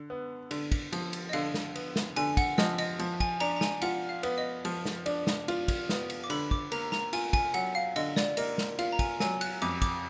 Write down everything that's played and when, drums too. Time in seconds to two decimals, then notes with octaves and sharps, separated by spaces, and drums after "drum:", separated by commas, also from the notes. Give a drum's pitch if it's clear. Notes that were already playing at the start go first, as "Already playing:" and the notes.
Already playing: D3
0.10 B3
0.51 D3, drum: cymbal
0.72 drum: kick, cymbal
0.92 F3, drum: cymbal
1.13 drum: cymbal
1.29 D#5
1.33 D3 F5, drum: cymbal
1.54 drum: snare
1.76 B3, drum: cymbal
1.96 drum: snare
2.16 D3 G#5, drum: cymbal
2.37 F#5, drum: kick, cymbal
2.58 F3 D#5, drum: snare
2.78 D#5, drum: cymbal
2.99 F3, drum: cymbal
3.20 G#5, drum: kick, cymbal
3.40 D4 A#5, drum: cymbal
3.56 A#5
3.61 G#5, drum: snare
3.82 F4 F#5, drum: cymbal
4.09 F5
4.23 B3, drum: cymbal
4.38 D#5
4.65 F3, drum: cymbal
4.85 drum: snare
5.06 D4, drum: cymbal
5.27 drum: snare
5.48 F4, drum: cymbal
5.68 drum: kick, cymbal
5.89 B3, drum: snare
6.10 drum: cymbal
6.24 D6
6.30 D3 B5, drum: cymbal
6.51 D6, drum: kick
6.72 A#3 A#5, drum: cymbal
6.92 A#5, drum: snare
7.13 F4 G#5, drum: cymbal
7.33 G#5, drum: kick, cymbal
7.54 F#3 F#5, drum: cymbal
7.75 F5
7.96 D3 D#5, drum: cymbal
8.16 D5, drum: snare
8.37 A#3 D#5, drum: cymbal
8.58 drum: snare
8.79 F4 F5, drum: cymbal
8.92 A#5
8.99 G#5, drum: kick, cymbal
9.20 F#3 G#5, drum: snare
9.41 F#6, drum: cymbal
9.62 F2 D6, drum: cymbal
9.82 D6, drum: kick, cymbal